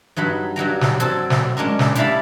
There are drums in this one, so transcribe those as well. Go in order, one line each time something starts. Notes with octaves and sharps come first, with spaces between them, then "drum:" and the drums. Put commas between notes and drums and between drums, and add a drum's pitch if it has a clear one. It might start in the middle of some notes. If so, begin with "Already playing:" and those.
G2 F#3 D#4 B5
G2 F#3 G3 A#5
drum: snare
F#3 C4 A4, drum: hi-hat
drum: snare
G#3 C#4 D4 A#4
drum: snare
G3 D4 E4 F5 A5 B5, drum: hi-hat